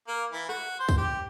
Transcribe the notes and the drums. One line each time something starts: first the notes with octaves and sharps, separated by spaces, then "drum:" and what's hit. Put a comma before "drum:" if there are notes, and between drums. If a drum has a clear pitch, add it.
A#3
E3
F#4, drum: rim click
C5
drum: kick C2, tambourine
G4